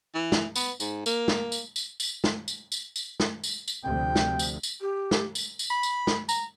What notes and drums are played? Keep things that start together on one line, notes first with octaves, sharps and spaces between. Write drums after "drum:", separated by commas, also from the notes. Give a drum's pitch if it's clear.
E3
drum: snare
B3, drum: tambourine
G#2, drum: tambourine
A#3, drum: tambourine
drum: snare
drum: tambourine
drum: tambourine
drum: tambourine
drum: snare
drum: tambourine
drum: tambourine
drum: tambourine
drum: snare
drum: tambourine
drum: tambourine
D2 C3 F3 G5
drum: snare
drum: tambourine
drum: tambourine
G4
drum: snare
drum: tambourine
drum: tambourine
B5
drum: tambourine
drum: snare
A#5, drum: tambourine